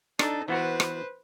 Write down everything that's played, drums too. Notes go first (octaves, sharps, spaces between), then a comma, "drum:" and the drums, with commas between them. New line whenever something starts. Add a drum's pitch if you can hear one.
D4 D#4 A4, drum: rim click
E3 B3 F#4 B4 C5
drum: rim click